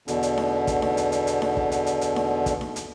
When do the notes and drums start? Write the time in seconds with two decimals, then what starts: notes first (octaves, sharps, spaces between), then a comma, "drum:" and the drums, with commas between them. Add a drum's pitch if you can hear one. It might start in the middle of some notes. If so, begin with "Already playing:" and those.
0.08 E2 B2 D3, drum: hi-hat
0.23 drum: hi-hat
0.38 drum: snare D#4
0.67 drum: kick, hi-hat
0.82 drum: snare D#4
0.97 drum: hi-hat
1.12 drum: hi-hat
1.27 drum: hi-hat
1.42 drum: snare D#4
1.57 drum: kick
1.72 drum: hi-hat
1.86 drum: hi-hat
2.01 drum: hi-hat
2.16 drum: snare D#4
2.46 drum: kick, hi-hat
2.61 drum: snare D#4
2.76 drum: hi-hat